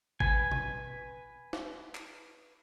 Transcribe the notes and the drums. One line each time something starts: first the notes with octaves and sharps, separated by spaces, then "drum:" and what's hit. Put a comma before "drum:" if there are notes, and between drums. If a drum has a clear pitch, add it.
B4 G#5, drum: kick G#1
drum: tom B2
drum: snare
drum: clap